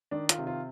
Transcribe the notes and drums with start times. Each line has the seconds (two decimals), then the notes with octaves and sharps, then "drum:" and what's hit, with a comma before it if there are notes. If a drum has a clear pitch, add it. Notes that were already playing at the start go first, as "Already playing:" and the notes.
0.11 D#3 D4
0.29 F4, drum: hi-hat
0.38 C3
0.47 F4